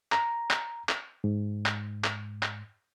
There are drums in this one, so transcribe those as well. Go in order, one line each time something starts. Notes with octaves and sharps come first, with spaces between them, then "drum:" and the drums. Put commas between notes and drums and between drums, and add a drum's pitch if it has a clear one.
A#5, drum: clap
drum: clap
drum: clap
G#2
drum: clap
drum: clap
drum: clap